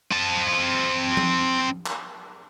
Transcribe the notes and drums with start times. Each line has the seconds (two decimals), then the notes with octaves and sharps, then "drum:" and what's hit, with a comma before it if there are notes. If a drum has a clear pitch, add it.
0.11 C4 A5
1.17 drum: tom F3
1.86 drum: clap